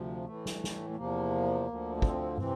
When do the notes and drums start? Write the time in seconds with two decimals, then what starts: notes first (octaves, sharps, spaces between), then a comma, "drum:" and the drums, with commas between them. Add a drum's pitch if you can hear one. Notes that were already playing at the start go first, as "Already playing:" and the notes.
Already playing: D2 C3 F3
0.25 A2 E3 A3
0.46 drum: snare
0.64 drum: snare
0.90 A3
0.96 E2 C3 F3 A#3
1.67 D2 D3 F3
1.97 A#3
2.02 C4, drum: kick
2.37 C3 E3 C4, drum: tom